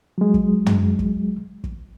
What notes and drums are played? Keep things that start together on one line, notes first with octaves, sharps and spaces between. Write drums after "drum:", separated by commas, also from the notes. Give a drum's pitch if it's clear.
F#3 G#3
drum: kick
drum: tom
drum: kick
drum: kick